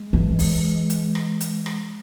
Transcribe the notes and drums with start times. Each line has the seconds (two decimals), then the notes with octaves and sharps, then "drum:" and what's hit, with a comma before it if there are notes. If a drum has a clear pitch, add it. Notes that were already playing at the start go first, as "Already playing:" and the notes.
Already playing: G#3
0.13 E3
0.39 drum: kick B1, open hi-hat
0.90 drum: hi-hat
1.15 drum: rim click
1.40 drum: hi-hat
1.66 drum: rim click